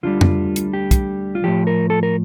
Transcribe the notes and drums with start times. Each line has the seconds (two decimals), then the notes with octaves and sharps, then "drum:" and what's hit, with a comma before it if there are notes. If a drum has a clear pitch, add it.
0.03 D2 D3 G3 F4
0.21 drum: tom F2
0.56 drum: hi-hat
0.73 G4
0.91 drum: kick, hi-hat
1.35 F4
1.44 A2 F3 G4
1.67 A#4
1.90 A4
2.03 A#4